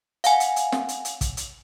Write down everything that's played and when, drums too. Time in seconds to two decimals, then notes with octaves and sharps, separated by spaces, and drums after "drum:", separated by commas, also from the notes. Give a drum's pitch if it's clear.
0.24 F5 F#5 G#5, drum: hi-hat
0.40 drum: hi-hat
0.56 drum: hi-hat
0.72 drum: snare
0.89 drum: hi-hat
1.05 drum: hi-hat
1.21 drum: kick, hi-hat
1.37 drum: hi-hat